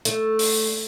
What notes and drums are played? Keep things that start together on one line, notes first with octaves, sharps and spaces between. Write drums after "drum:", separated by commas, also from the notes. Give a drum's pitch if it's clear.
A3, drum: hi-hat
drum: open hi-hat